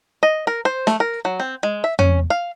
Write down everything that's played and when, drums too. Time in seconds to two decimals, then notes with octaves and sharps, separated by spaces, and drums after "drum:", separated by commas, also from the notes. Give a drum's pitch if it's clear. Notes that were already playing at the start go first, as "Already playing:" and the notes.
0.23 D#5
0.47 A#4
0.65 C5
0.87 A3, drum: snare
1.00 A#4
1.25 F#3
1.40 C4
1.63 G#3
1.84 E5
1.99 C#4, drum: tom
2.30 F5